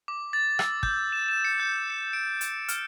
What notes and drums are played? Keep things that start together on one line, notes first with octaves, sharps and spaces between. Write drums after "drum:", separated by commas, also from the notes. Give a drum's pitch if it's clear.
D6
A6
E6, drum: rim click
G6, drum: kick
E7
E7
C#7
G6
C#7
D7
drum: hi-hat
F6, drum: hi-hat